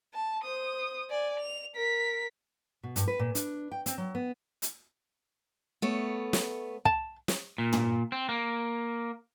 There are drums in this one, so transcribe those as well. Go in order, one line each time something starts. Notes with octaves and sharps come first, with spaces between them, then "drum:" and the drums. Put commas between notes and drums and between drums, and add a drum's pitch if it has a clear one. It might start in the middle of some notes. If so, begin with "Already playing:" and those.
A5
C5 D#6
D5 G#5
F7
A#4 B6
B2
G2, drum: hi-hat
B4
A#2
D4, drum: hi-hat
G5
C4, drum: hi-hat
F#3
B3
drum: hi-hat
A3 B3 C#5
drum: snare
A5, drum: kick
drum: snare
A#2
drum: tom
C4
A#3